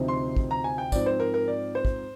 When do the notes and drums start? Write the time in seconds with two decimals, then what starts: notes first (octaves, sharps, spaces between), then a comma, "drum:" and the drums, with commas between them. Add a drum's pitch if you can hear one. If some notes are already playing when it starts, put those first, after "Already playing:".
Already playing: D2 C3 F3 C4 D#4
0.08 C6
0.36 drum: kick
0.51 A#5
0.64 G#5
0.78 G5
0.92 G#2 F3 C4 D5, drum: kick, tambourine
1.06 C5
1.20 A#4
1.34 A#4
1.48 D5
1.75 C5
1.85 drum: kick